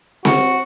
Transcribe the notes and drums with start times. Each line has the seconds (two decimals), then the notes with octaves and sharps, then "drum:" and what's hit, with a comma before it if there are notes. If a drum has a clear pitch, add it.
0.25 F#4, drum: snare C4